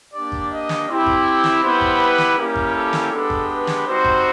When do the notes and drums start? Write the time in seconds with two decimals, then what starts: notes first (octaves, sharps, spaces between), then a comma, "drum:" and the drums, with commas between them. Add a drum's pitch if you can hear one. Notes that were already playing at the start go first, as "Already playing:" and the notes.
0.13 A#3 D4 G4 D5
0.32 drum: kick G#1
0.50 D#5
0.69 drum: snare
0.88 C4 E4 G4
1.06 drum: kick G#1
1.44 drum: snare
1.62 G3 B3 E4 G4 C5
1.81 drum: kick G#1
1.99 B4
2.18 drum: snare
2.37 G3 A#3 C#4 E4 G4 A#4
2.56 drum: kick G#1
2.74 A4
2.93 drum: snare
3.11 G#3 B3 D4 G4 A4
3.30 drum: kick G#1
3.49 B4
3.67 drum: snare
3.85 G3 C4 D#4 F#4 C5
4.05 drum: kick G#1